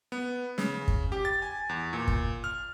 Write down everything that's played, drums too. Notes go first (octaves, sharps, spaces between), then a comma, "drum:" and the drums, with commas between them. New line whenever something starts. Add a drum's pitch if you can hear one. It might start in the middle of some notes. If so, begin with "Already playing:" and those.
B3
C#3, drum: snare
drum: kick
G4
A6
G#5
E2
A#2
drum: kick
F6